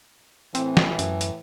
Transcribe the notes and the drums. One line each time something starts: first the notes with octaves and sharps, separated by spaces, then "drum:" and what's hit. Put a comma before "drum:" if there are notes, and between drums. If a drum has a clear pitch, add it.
A2 E3 C4, drum: hi-hat
drum: snare
F#2, drum: hi-hat
drum: hi-hat